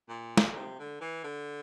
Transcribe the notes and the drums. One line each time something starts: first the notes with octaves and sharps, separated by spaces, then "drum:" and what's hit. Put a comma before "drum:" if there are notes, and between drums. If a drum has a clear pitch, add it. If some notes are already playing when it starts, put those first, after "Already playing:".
A#2
drum: snare
A#2
C3
D3
E3
D3